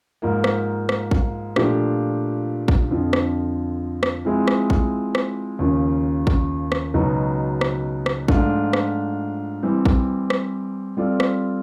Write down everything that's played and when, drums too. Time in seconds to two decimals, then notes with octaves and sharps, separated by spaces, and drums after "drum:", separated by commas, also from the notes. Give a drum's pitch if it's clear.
0.22 G#2 F3 A#3
0.44 drum: rim click
0.89 drum: rim click
1.11 drum: kick
1.56 A#2 F3 A3 D4 G4, drum: rim click
2.68 drum: kick
2.91 F2 D3 F3
3.13 drum: rim click
4.03 drum: rim click
4.25 F3 G#3 C4 E4 G#4
4.48 drum: rim click
4.70 drum: kick
5.15 drum: rim click
5.59 D#2 C#3 F3
6.27 drum: kick
6.72 drum: rim click
6.94 C#2 B2 F#3 B3 D#4
7.61 drum: rim click
8.06 drum: rim click
8.28 G#2 F3 A3 D4 F4, drum: kick
8.73 drum: rim click
9.63 E3 G3 C4
9.85 drum: kick
10.30 drum: rim click
10.97 G3 C4 F4 A4 D5
11.20 drum: rim click